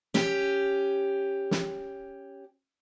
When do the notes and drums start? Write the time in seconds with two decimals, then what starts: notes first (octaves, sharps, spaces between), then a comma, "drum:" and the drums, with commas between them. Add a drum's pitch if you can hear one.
0.14 C#4 G4, drum: snare
1.51 drum: snare